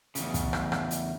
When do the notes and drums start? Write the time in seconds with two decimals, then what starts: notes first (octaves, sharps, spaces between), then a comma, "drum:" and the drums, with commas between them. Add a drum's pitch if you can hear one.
0.15 E2 C#3, drum: hi-hat
0.34 drum: kick, hi-hat
0.53 drum: rim click
0.72 drum: rim click
0.91 drum: hi-hat